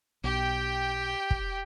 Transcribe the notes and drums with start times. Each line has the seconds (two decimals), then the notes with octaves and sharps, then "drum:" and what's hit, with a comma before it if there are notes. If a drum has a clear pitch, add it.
0.24 B1 G4 G5
1.31 drum: kick